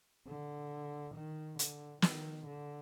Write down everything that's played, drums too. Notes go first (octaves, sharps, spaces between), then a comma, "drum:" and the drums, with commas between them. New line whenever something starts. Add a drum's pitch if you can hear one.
D3
D#3
D3, drum: hi-hat
D#3, drum: snare
D3